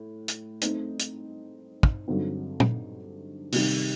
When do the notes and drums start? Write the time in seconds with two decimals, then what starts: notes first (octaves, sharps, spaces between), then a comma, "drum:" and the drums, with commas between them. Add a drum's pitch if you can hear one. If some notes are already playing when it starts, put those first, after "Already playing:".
Already playing: A2
0.28 drum: hi-hat
0.61 A3 C4 D#4, drum: hi-hat
0.99 drum: hi-hat
1.83 drum: kick
2.07 G2 D3 F#3 C4 D#4
2.60 drum: tom
3.52 C3 D#3 G3, drum: open hi-hat